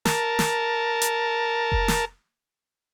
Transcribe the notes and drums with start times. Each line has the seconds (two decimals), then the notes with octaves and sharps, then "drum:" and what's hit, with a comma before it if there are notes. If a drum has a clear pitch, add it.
0.05 A#4 A5, drum: snare
0.39 drum: snare
1.02 drum: hi-hat
1.72 drum: kick F1
1.88 drum: snare